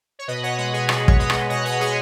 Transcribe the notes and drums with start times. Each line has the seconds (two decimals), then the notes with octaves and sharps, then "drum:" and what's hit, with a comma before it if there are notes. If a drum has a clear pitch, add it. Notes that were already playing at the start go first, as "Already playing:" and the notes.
0.19 C#5
0.28 B2 B4 D#5
0.43 C#5 F#5
0.58 G#3 B4 D#5
0.73 G#4 C#5
0.89 B2 B4, drum: rim click
1.08 C#5, drum: kick
1.19 G#3 B4 D#5
1.30 drum: rim click
1.50 B2 C#5 F#5
1.65 B4 D#5
1.81 G#3 G#4 C#5